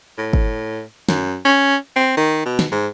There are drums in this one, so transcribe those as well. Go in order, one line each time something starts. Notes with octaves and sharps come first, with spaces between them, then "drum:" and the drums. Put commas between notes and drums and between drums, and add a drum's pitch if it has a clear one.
A2
drum: kick
F#2, drum: snare
C#4
C4
D#3
B2
drum: snare
G#2